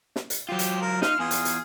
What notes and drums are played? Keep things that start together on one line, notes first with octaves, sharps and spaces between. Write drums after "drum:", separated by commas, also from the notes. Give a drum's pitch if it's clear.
drum: snare
drum: hi-hat
F#3 F4 G4
drum: hi-hat
A#4
D#4 F4 F6, drum: snare
E2 F4 G#4
drum: hi-hat
drum: hi-hat